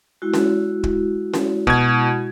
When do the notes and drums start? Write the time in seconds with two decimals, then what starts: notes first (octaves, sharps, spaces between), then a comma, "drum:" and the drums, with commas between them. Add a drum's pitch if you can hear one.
0.22 G#3 E4 F#4
0.34 drum: snare C#4
0.84 drum: kick
1.34 drum: snare C#4
1.67 B2 G#6, drum: kick